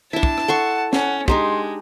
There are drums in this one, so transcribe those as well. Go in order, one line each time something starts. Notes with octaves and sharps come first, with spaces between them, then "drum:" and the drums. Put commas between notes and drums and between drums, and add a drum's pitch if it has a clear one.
D4 E4 A5
drum: kick
drum: rim click
A4 F#5 C6 C#6
C#4 F#5, drum: snare
G#3 D4 D#4 G4 C6, drum: kick